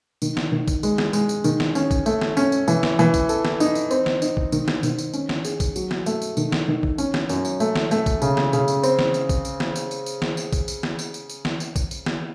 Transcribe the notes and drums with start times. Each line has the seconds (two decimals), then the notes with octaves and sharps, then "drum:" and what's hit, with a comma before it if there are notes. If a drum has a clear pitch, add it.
0.22 D#3, drum: tambourine
0.37 drum: snare
0.52 D#3
0.68 drum: kick, tambourine
0.83 G#3, drum: tambourine
0.98 drum: snare
1.13 G#3, drum: tambourine
1.29 drum: tambourine
1.44 D#3, drum: tambourine
1.60 drum: snare
1.75 C#4, drum: tambourine
1.91 drum: kick, tambourine
2.06 A3, drum: tambourine
2.21 drum: snare
2.37 C#4, drum: tambourine
2.52 drum: tambourine
2.68 E3, drum: tambourine
2.83 drum: snare
2.99 E3, drum: tambourine
3.14 drum: kick, tambourine
3.29 A4, drum: tambourine
3.45 drum: snare
3.60 D#4, drum: tambourine
3.75 drum: tambourine
3.91 C4, drum: tambourine
4.06 drum: snare
4.22 D#4, drum: tambourine
4.37 drum: kick
4.52 D#3, drum: tambourine
4.68 drum: snare
4.83 D#3, drum: tambourine
4.98 drum: tambourine
5.14 C#4, drum: tambourine
5.29 drum: snare
5.45 G#4, drum: tambourine
5.60 drum: kick, tambourine
5.76 F#3, drum: tambourine
5.91 drum: snare
6.06 A3, drum: tambourine
6.22 drum: tambourine
6.37 D#3, drum: tambourine
6.52 drum: snare
6.68 D#3
6.83 drum: kick
6.98 C#4, drum: tambourine
7.14 drum: snare
7.29 F#2, drum: tambourine
7.45 drum: tambourine
7.60 A3, drum: tambourine
7.76 drum: snare
7.91 A3, drum: tambourine
8.06 drum: kick, tambourine
8.22 C#3, drum: tambourine
8.37 drum: snare
8.53 C#3, drum: tambourine
8.68 drum: tambourine
8.83 C4, drum: tambourine
8.99 drum: snare
9.14 drum: tambourine
9.29 drum: kick, tambourine
9.45 drum: tambourine
9.60 drum: snare
9.76 drum: tambourine
9.91 drum: tambourine
10.06 drum: tambourine
10.22 drum: snare
10.37 drum: tambourine
10.53 drum: kick, tambourine
10.68 drum: tambourine
10.83 drum: snare
10.99 drum: tambourine
11.14 drum: tambourine
11.29 drum: tambourine
11.45 drum: snare
11.60 drum: tambourine
11.76 drum: kick, tambourine
11.91 drum: tambourine
12.06 drum: snare